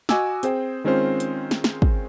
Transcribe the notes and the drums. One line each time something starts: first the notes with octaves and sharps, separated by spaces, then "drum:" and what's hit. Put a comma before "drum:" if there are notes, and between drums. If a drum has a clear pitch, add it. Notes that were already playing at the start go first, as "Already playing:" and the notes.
F#4 D#5 G#5 D6 E6, drum: snare
C4 G#4 C5 G5, drum: hi-hat
D#3 G#3 C4 C#4 F4 C5
drum: hi-hat
drum: snare
drum: snare
drum: kick